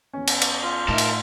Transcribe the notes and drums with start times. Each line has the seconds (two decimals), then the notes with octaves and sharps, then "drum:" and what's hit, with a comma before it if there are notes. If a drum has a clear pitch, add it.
0.13 E2 C#4
0.28 drum: cymbal
0.42 drum: cymbal
0.63 F4
0.88 A2 D#4 A#4 E5 A5
0.98 drum: cymbal